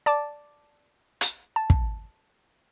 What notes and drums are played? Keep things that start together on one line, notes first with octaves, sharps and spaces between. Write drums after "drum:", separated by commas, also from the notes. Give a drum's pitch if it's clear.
D5 A5 D6
drum: hi-hat
A5
drum: kick